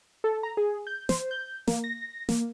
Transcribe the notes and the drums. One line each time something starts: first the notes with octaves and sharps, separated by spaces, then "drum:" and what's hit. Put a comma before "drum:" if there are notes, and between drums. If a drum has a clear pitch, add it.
A4
A#5
G#4
G6
C5, drum: snare
G6
A#3, drum: snare
A#6
A#3, drum: snare